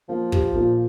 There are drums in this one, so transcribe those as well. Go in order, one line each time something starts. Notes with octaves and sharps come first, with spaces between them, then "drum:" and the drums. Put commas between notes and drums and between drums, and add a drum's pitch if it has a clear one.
F3 A#3
G4, drum: kick
A#2